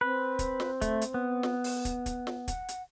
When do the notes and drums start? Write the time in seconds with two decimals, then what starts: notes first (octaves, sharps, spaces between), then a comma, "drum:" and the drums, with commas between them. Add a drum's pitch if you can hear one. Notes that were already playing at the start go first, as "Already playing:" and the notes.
0.01 C4 B4
0.39 drum: kick, hi-hat
0.60 drum: snare
0.81 A3, drum: kick, hi-hat
1.01 drum: hi-hat
1.14 B3
1.43 drum: snare
1.64 drum: open hi-hat
1.85 drum: kick, hi-hat
2.06 drum: kick, hi-hat
2.27 drum: snare
2.48 F#5, drum: kick, hi-hat
2.69 drum: hi-hat